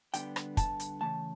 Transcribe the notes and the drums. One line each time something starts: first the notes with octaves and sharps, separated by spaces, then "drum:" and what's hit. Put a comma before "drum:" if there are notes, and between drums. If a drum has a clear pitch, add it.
D3 G3 B3 G5, drum: hi-hat
drum: rim click
A5, drum: kick, hi-hat
drum: hi-hat
C#3 E3 A3 A5